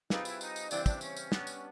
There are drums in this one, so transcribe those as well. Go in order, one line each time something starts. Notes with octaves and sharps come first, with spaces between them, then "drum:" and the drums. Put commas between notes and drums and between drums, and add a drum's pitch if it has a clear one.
G3 C4 D#4 F4 G#4 B4, drum: snare
E4, drum: tambourine
D#4, drum: tambourine
drum: tambourine
C#3 E3 G3 C4 D4, drum: tambourine
D4, drum: kick, tambourine
C#4, drum: tambourine
drum: tambourine
G3 B3 D4, drum: snare
drum: tambourine